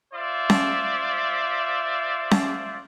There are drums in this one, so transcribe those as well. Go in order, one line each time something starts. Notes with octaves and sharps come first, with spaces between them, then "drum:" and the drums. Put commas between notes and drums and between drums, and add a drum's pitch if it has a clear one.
F4 C5 D5 E5
drum: snare C#4
drum: snare C#4